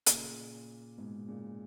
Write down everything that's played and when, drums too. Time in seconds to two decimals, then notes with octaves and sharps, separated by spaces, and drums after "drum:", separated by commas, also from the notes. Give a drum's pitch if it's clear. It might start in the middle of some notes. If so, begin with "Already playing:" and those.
0.06 A#2 C#3, drum: hi-hat
0.98 G#2 B2
1.28 A#2 C#3